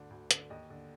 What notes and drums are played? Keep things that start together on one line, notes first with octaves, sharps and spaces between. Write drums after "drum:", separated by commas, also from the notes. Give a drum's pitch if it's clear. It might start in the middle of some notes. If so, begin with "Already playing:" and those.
Already playing: D2 D3
D2
D3, drum: hi-hat
D#2 D#5
D3